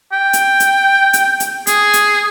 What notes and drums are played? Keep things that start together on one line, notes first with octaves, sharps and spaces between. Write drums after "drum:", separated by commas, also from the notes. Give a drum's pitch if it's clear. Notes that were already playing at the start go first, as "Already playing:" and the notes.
G5
drum: hi-hat
drum: hi-hat
drum: hi-hat
drum: hi-hat
G#4, drum: hi-hat
drum: hi-hat